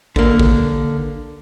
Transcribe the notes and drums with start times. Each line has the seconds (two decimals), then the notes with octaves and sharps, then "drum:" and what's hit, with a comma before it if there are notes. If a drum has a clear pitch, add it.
0.16 D3 A#3, drum: kick A1
0.39 drum: kick A1